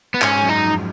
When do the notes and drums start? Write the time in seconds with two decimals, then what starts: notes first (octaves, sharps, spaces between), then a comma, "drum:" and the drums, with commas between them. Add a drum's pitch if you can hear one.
0.15 B3
0.22 G#2 C#4, drum: clap
0.35 G#2
0.43 F#2
0.49 D#4
0.64 F2